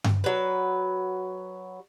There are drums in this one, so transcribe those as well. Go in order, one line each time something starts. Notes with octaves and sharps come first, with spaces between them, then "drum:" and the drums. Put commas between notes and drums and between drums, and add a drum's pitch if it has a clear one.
drum: tom G2
F#3 B4